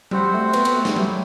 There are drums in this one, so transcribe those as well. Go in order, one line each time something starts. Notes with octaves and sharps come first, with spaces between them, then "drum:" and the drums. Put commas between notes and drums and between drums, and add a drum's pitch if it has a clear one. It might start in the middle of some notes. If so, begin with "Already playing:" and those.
G3 C4 F#4 C5 F#5, drum: tom F#3
A3
B3, drum: cymbal
B3, drum: cymbal
A3
G3, drum: snare
F#3 A3 E4 G4, drum: tom F#3